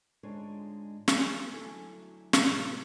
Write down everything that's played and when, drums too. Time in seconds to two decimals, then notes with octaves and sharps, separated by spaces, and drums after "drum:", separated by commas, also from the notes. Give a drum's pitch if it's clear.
0.23 G#2 D3 G#3 D4 F4 C#5
1.08 G3 G#5, drum: snare
1.52 D2 F#3 E4 A4 G#5
2.33 A2 C3 E3 F#3, drum: snare